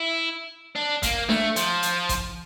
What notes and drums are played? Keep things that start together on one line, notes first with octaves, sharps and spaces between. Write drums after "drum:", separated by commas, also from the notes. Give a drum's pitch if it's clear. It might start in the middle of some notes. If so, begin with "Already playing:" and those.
Already playing: E4
D4
A#3, drum: kick A1, hi-hat
A3, drum: snare D4
F3, drum: hi-hat
drum: hi-hat
drum: kick A1, hi-hat